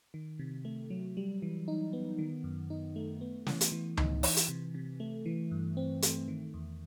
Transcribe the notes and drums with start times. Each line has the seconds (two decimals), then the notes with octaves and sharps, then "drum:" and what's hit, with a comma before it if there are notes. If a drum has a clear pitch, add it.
0.14 D#3
0.39 C3
0.65 A3
0.90 F#3
1.17 G3
1.42 E3
1.68 D#4
1.93 B3
2.19 D#3
2.44 F#2
2.70 D#4
2.96 A3
3.21 B3
3.47 E3, drum: snare
3.61 drum: hi-hat
3.72 E3
3.97 D#4, drum: tom C#2
4.23 E3, drum: open hi-hat
4.37 drum: hi-hat
4.48 C3
4.75 C3
5.00 A3
5.26 E3
5.51 G2
5.77 C4
6.02 A3, drum: hi-hat
6.28 D#3
6.54 E2